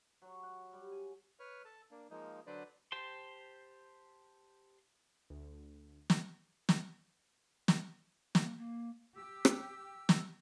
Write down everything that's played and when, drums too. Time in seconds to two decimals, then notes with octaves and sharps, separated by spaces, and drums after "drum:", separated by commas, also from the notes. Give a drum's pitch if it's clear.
0.22 F#3
0.43 F#5
0.73 G3
0.92 G#5
1.39 B4 C#5 F6
1.65 A4 A5
1.91 A#3 D4
2.10 F3 G#3 A#3 D#4
2.47 D3 F#3 D4 B4 C5 D5
2.92 G4 C5 A5 C6
5.30 D2
6.10 drum: snare
6.69 drum: snare
7.68 drum: snare
8.35 A#3, drum: snare
8.57 A#3
9.16 G4 E6
9.45 drum: rim click
10.09 drum: snare